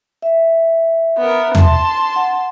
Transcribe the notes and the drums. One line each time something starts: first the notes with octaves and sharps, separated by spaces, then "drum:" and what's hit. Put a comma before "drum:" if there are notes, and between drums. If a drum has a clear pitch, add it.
E5
B3 A#4
A5 C6, drum: tom E2
F#5